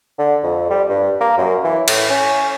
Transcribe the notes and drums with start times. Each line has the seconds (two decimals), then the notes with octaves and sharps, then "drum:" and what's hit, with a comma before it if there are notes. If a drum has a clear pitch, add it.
0.19 D3
0.43 F2
0.70 G3
0.89 G2
1.21 A#3
1.38 F#2
1.64 E3
1.88 A2, drum: cymbal
2.10 C#4